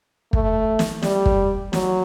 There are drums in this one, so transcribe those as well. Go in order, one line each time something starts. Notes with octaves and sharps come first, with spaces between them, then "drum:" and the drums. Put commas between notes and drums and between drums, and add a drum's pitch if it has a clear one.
A3, drum: kick
drum: snare
G3, drum: snare
drum: kick
F#3, drum: snare